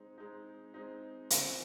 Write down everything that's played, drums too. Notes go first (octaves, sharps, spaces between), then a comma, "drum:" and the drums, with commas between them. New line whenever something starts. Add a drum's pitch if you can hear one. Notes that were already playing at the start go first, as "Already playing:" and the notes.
Already playing: G#3 C4 D#4
G#3 C4 D#4
G#3 C4 D#4
E3 G#3 C4 F4 G#4, drum: hi-hat